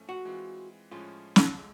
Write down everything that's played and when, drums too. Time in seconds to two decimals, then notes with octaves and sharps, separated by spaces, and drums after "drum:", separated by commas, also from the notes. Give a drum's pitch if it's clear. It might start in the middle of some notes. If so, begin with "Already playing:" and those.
Already playing: G#2 F3 A3 C#4
0.09 F#4
0.25 E3 G#3 C4 F4
0.91 A2 F3 G#3 C#4 F4
1.36 drum: snare
1.58 G#3